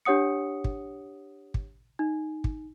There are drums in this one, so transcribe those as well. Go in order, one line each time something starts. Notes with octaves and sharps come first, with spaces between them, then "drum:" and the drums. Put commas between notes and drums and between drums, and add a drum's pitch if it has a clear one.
D4 G4 C#5 F#5 D#6 C#7
drum: kick
drum: kick
D#4
drum: kick